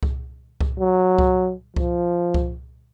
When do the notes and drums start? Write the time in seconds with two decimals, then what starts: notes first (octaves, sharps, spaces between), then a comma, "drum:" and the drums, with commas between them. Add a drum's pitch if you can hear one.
0.03 drum: kick C2
0.61 drum: kick C2
0.80 F#3
1.18 drum: kick C2
1.76 F3, drum: kick C2
2.34 drum: kick C2